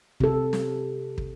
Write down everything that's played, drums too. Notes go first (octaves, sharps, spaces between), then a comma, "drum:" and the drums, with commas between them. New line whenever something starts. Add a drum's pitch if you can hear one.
C3 A4, drum: kick
drum: snare
drum: kick